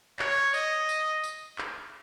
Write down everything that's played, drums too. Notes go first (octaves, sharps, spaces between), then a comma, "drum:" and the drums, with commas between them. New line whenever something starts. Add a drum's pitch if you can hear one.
C#5, drum: clap
D#5, drum: tambourine
drum: tambourine
drum: tambourine
drum: clap